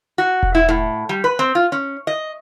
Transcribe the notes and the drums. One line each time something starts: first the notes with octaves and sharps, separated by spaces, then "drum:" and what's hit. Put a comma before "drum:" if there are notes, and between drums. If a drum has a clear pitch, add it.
F#4
drum: kick E1
E4
A2
G3
B4
C4
F4
C#4
D#5